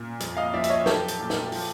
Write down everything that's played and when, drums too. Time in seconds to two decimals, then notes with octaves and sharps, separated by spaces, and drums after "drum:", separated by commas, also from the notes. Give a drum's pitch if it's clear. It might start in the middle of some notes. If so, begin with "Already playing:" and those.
Already playing: A#2
0.20 F2, drum: hi-hat
0.37 D#5 F5
0.53 F3 D5 E5
0.64 E5, drum: hi-hat
0.70 C#5 D#5
0.86 F#3 G4 A4, drum: snare
1.08 drum: hi-hat
1.19 A#2
1.30 drum: snare
1.52 F3, drum: open hi-hat